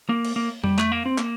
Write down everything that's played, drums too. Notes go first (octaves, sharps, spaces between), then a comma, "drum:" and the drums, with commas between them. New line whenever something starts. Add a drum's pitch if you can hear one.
A#3
drum: cymbal
A#3
G3, drum: tom F2
A3, drum: clap
A#3
C4
A#3, drum: clap